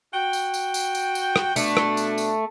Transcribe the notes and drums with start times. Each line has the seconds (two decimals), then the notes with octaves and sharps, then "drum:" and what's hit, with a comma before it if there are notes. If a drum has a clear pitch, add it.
0.13 F#4 G5
0.33 drum: tambourine
0.54 drum: tambourine
0.74 drum: tambourine
0.95 drum: tambourine
1.15 drum: tambourine
1.36 drum: rim click
1.56 B2 A3 D4, drum: tambourine
1.77 drum: rim click
1.97 drum: tambourine
2.18 drum: tambourine